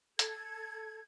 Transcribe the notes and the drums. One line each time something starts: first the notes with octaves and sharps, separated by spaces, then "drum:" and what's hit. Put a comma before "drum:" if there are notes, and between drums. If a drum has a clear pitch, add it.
A4 G#6, drum: hi-hat